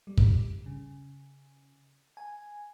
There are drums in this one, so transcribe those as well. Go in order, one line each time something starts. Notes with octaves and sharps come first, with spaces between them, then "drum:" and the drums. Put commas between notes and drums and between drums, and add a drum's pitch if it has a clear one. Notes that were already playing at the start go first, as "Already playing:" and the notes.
G3
drum: kick
C#3
G#5